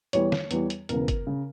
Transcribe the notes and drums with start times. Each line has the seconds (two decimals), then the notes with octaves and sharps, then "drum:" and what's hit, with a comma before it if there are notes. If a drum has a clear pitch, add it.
0.13 E2 E3 G3 C#5, drum: hi-hat
0.32 drum: snare
0.51 E2 E3 G3, drum: hi-hat
0.70 drum: hi-hat
0.89 E1 E2 C#3 A#4, drum: hi-hat
1.08 drum: kick, hi-hat
1.27 C#3